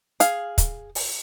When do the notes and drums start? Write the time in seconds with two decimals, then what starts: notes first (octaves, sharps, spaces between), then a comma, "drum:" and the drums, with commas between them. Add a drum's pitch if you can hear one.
0.20 G#4 F5, drum: hi-hat
0.58 drum: kick, hi-hat
0.95 drum: open hi-hat